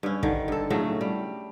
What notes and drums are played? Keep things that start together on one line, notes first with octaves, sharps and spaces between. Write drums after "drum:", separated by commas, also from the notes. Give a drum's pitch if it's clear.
G2 C#4
D3 D#3, drum: kick
G2 A4
A2 C#3 F#3 A3
G3